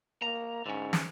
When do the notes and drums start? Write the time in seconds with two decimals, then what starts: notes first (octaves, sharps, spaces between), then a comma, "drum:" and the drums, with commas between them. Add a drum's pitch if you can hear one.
0.22 A#3 A#5
0.66 G#2 D3 C#4
0.93 drum: snare